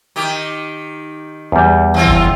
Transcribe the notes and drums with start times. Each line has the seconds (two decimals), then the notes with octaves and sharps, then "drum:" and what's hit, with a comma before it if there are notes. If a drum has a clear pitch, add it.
0.16 D#3 G4
1.52 E2 G3
1.94 E3 C4 F4
2.06 drum: kick F#1